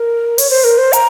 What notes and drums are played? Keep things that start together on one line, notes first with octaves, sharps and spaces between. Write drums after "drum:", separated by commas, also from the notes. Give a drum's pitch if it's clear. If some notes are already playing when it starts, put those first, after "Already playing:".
Already playing: A#4
C#5, drum: open hi-hat
C5
A#4
C5
A#5, drum: hi-hat